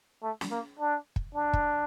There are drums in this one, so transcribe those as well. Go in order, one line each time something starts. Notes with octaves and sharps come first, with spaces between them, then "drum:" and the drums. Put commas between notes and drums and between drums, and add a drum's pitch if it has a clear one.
A3
drum: snare
A#3
D4
drum: kick
D4
drum: kick